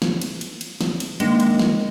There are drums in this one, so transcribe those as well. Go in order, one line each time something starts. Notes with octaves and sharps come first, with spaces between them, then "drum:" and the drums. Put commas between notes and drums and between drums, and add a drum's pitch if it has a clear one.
drum: snare
drum: cymbal
drum: cymbal
drum: cymbal
drum: snare
drum: cymbal
D#3 G#3 A#3 D4, drum: cymbal
drum: cymbal
drum: snare